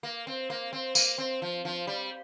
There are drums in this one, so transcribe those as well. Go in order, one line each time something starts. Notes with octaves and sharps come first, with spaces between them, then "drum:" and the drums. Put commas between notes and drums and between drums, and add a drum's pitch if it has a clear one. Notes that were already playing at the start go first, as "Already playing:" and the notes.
A#3
C4
A#3
C4
A#3, drum: tambourine
C4
F3
F3
G3